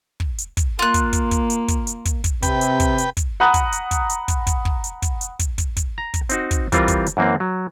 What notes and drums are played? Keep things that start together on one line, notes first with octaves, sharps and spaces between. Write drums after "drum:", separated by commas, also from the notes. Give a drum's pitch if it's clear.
drum: kick
drum: hi-hat
drum: kick, hi-hat
A#3 F4 F#6
drum: kick, hi-hat
drum: kick, hi-hat
drum: kick, hi-hat
drum: hi-hat
drum: kick, hi-hat
drum: hi-hat
drum: kick, hi-hat
drum: kick, hi-hat
C3 B4 G5, drum: kick, hi-hat
drum: hi-hat
drum: kick, hi-hat
drum: hi-hat
drum: kick, hi-hat
F#5 A#5 B5 D#6 F#6
drum: kick, hi-hat
drum: hi-hat
drum: kick, hi-hat
drum: hi-hat
drum: kick, hi-hat
drum: kick, hi-hat
drum: kick
drum: hi-hat
drum: kick, hi-hat
drum: hi-hat
drum: kick, hi-hat
drum: kick, hi-hat
drum: kick, hi-hat
A#5
drum: kick, hi-hat
C4 D#4 F#4, drum: hi-hat
drum: kick, hi-hat
E3 G3 C4 F4 A#4, drum: kick, hi-hat
drum: kick, hi-hat
drum: hi-hat
F#2 E3 A#3 C4
F#3